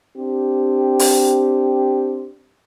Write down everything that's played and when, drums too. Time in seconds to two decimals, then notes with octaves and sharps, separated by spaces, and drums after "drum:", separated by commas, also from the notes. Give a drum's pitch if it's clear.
0.17 C4 D4 G4
0.99 drum: open hi-hat